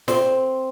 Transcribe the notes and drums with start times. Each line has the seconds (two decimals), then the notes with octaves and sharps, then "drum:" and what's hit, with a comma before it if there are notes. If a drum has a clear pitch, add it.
0.08 C4, drum: snare